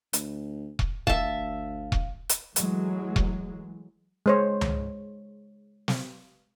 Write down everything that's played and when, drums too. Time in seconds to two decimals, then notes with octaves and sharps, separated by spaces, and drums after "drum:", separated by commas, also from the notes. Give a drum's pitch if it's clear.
0.13 D2, drum: hi-hat
0.79 drum: kick E1
1.07 G1 D2 E5 F5 A5, drum: kick E1
1.92 drum: kick E1
2.29 drum: hi-hat
2.56 E3 F#3 G#3 A3, drum: hi-hat
3.16 drum: kick E1
4.26 G#3 C5 C#5
4.61 drum: tom C#2
5.88 drum: snare